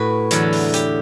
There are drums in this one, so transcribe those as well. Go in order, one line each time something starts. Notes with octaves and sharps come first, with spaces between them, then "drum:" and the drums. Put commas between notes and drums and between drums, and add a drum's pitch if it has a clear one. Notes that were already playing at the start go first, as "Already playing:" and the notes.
Already playing: A2 F#4 B4
E2 D3 F#3 A4, drum: hi-hat
drum: open hi-hat
G4, drum: hi-hat